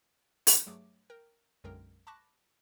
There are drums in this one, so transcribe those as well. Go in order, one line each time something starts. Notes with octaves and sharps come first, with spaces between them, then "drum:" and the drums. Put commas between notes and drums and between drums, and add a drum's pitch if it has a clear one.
drum: open hi-hat
G2 F#3 A3 G#4 D6
A#4 G5
B1 F#2 D3 G#3 A#4 G5
A5 B5 C#6 D6 F#6 A#6